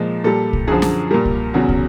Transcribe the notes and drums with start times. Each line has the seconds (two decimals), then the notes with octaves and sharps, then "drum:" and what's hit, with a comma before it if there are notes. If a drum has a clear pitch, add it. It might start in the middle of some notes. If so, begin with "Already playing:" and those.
Already playing: A#2 F3 G#3
0.24 A#2 G3 A4
0.53 drum: kick
0.67 F#2 D3 F3 G#4
0.82 drum: snare
1.11 A#2 G3 A#4
1.25 drum: kick
1.54 E2 C#3 F#3
1.69 drum: kick